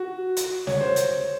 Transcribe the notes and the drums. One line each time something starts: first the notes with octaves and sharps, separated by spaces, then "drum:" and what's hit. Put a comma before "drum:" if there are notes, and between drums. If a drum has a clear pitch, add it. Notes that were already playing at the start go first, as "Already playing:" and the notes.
Already playing: F#4
drum: hi-hat
C#5, drum: snare
C5
drum: hi-hat